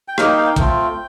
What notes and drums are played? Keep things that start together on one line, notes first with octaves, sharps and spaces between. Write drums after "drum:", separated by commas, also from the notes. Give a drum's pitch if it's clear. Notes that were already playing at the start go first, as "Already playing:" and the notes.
G5
A#3 D#4 F5, drum: rim click
G5
F5
G5
A3 C4 F4, drum: kick, hi-hat